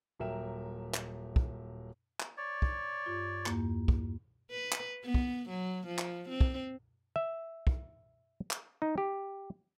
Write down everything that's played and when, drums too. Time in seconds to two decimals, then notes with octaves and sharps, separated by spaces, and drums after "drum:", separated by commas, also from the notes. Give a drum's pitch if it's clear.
0.19 D#1 F#3 A#4 E5 G5 E7
0.94 drum: clap
1.36 drum: kick
2.20 drum: clap
2.37 C#5 D5
2.62 drum: kick
3.06 G2 F4
3.46 E2 G2 A#3, drum: clap
3.88 drum: kick
4.51 B4
4.72 drum: clap
5.05 B3
5.14 drum: kick
5.49 F#3
5.87 F3
5.98 drum: clap
6.29 C4
6.41 drum: kick
7.16 E5
7.67 drum: kick
8.51 drum: clap
8.82 D#4
8.98 G4